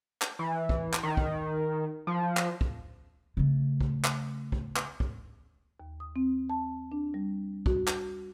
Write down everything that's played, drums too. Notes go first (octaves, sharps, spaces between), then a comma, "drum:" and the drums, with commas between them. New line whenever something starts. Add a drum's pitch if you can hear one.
drum: clap
E3
drum: kick
drum: clap
D#3
drum: kick
F3
drum: clap
drum: kick
C#3 A3
drum: kick
drum: clap
drum: kick
drum: clap
drum: kick
D#2
D#6
C4
A5
D4
G3
F#4, drum: kick
drum: clap